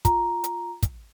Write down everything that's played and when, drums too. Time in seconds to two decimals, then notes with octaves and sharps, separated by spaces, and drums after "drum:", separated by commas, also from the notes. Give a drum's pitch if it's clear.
0.05 F4 A#5, drum: kick, hi-hat
0.44 drum: hi-hat
0.83 drum: kick, hi-hat